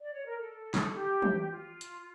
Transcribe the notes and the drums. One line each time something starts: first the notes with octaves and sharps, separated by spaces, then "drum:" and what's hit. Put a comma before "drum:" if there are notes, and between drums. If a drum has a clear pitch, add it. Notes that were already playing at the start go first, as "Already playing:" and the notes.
D5
C#5
A#4
A4
drum: snare
G4
drum: tom
G4
F4
drum: hi-hat